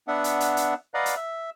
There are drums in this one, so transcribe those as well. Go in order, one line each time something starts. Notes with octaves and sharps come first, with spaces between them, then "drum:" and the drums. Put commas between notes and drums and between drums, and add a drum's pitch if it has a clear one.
B3 D4 E5 F#5
drum: hi-hat
drum: hi-hat
drum: hi-hat
B4 D5 D#5 F5 F#5 A#5
drum: hi-hat
E5